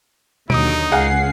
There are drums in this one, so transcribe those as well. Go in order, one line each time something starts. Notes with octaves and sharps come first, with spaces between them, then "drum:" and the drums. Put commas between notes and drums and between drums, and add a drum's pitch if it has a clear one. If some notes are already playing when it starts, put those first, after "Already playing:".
D#2 D3 F#3 D#4 D#6 D7, drum: tom B2
C#2 C#3 G#4 F5 F#5 C7